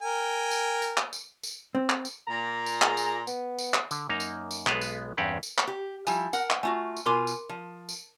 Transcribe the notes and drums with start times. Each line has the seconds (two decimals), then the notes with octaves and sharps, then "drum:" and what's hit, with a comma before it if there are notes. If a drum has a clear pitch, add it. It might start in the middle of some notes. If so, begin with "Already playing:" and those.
0.02 A#4 G5 G#5
0.51 drum: tambourine
0.82 drum: tambourine
0.97 drum: clap
1.13 drum: tambourine
1.43 drum: tambourine
1.75 C4
1.90 drum: clap
2.05 drum: tambourine
2.28 A#2 A#5
2.66 drum: tambourine
2.82 G#4, drum: clap
2.97 drum: tambourine
3.27 B3, drum: tambourine
3.59 drum: tambourine
3.74 drum: clap
3.91 D3, drum: tambourine
4.09 F#2 A#3 D#4 A#5
4.20 drum: tambourine
4.51 drum: tambourine
4.67 B1 G#3 B3 A4 B4 F5, drum: clap
4.81 drum: tambourine
5.17 E2 G2 C4 C#4 G4 F#5
5.43 drum: tambourine
5.58 drum: clap
5.67 G4
6.07 F3 G3 E4 G#5, drum: tambourine
6.33 A#4 F#5, drum: tambourine
6.50 drum: clap
6.63 A3 F4 F#4 G#5
6.96 drum: tambourine
7.06 B2 F4 A#4 G#5 C6 D6
7.27 drum: tambourine
7.49 F3
7.89 drum: tambourine